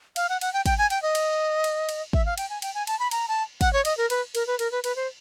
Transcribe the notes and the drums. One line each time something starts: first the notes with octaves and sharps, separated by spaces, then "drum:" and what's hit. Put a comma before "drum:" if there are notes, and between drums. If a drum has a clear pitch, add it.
F5, drum: cymbal
F#5
F#5, drum: cymbal
G5
G5, drum: kick, cymbal
G#5
G5, drum: cymbal
D#5
drum: cymbal
drum: cymbal
drum: cymbal
E5, drum: kick
F5
G5, drum: cymbal
G#5
G5, drum: cymbal
G#5
A5, drum: cymbal
B5
A#5, drum: cymbal
A5
F#5, drum: kick, cymbal
C#5
D#5, drum: cymbal
A#4
B4, drum: cymbal
A#4, drum: cymbal
B4
A#4, drum: cymbal
B4
B4, drum: cymbal
C5